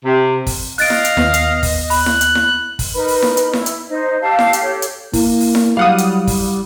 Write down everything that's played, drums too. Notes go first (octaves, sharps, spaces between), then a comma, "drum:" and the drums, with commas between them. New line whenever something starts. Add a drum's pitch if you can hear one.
C3
drum: kick, open hi-hat
D#5 F5 F#6 A6 D7, drum: open hi-hat
drum: snare E4
drum: hi-hat
D#2 B3, drum: snare E4
drum: hi-hat
drum: kick, open hi-hat
B5 F#6, drum: open hi-hat
drum: snare E4
drum: hi-hat
drum: snare E4
drum: kick, open hi-hat
D#4 A#4 B4 B5
drum: open hi-hat
drum: snare E4
drum: hi-hat
E4, drum: snare E4
drum: hi-hat
D#4 C5 D#5
G4 F5 A5 E6
drum: snare E4
drum: hi-hat
G4 A4 C#5
drum: hi-hat
A#3 E4, drum: kick, open hi-hat
drum: open hi-hat
drum: snare E4
F#3 G3 F5 F#5 D#6
drum: hi-hat
drum: kick, open hi-hat